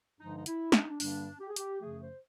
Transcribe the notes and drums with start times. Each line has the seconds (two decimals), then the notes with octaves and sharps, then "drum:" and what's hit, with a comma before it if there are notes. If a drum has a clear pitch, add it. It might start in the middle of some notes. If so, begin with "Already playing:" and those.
0.19 G2 D3 F3 G#3 D#4
0.37 D#4
0.46 E4, drum: hi-hat
0.72 D4, drum: snare
0.82 D#4
0.90 D4
1.00 G2 D3 G3 A#3 D4, drum: open hi-hat
1.40 G4
1.48 G#4
1.56 G4, drum: hi-hat
1.81 F#2 C#3 F3 A3 G#4
2.00 C5